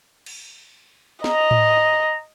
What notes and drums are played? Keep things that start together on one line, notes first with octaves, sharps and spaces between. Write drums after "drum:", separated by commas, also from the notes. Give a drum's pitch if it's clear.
drum: cymbal
D#5 A#5, drum: snare
drum: tom A2